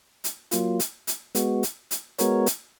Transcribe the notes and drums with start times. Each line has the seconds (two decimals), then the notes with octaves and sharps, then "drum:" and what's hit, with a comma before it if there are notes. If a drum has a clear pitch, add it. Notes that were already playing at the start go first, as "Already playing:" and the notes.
0.24 drum: hi-hat
0.51 F#3 A#3 F4, drum: hi-hat
0.80 drum: hi-hat
1.07 drum: hi-hat
1.35 G#3 B3 F#4, drum: hi-hat
1.63 drum: hi-hat
1.91 drum: hi-hat
2.19 G#3 B3 F#4 A#4 C#5, drum: hi-hat
2.46 drum: hi-hat